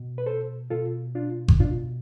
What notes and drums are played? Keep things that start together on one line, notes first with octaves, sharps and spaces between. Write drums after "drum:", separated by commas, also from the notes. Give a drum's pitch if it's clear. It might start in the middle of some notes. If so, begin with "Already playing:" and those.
Already playing: B2
B4
A4 C5
B2 F4 A4
D4 F4
drum: kick G1
B2 D4 F4